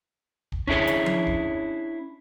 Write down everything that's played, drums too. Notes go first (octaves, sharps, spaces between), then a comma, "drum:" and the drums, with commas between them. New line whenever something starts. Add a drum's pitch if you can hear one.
drum: kick
C#4 D4 E4 G#4 C#5, drum: kick
drum: hi-hat
drum: tom F3
drum: kick